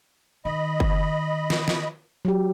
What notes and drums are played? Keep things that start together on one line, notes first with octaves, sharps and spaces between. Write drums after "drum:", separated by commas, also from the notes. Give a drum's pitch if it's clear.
D#3 D#5 B5
drum: kick F#1
drum: snare
drum: snare
F#3 G4